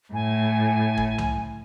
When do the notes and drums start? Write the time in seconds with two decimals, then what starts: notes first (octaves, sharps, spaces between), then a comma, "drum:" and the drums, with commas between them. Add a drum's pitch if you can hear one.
0.14 A2 G#5
0.97 drum: kick
1.18 drum: tom C2